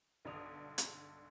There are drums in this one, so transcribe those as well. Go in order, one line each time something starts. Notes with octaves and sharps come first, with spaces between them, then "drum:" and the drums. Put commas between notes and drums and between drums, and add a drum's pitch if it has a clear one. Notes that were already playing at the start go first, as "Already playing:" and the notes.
B1 G2 D3 D5 D#6 F7
drum: hi-hat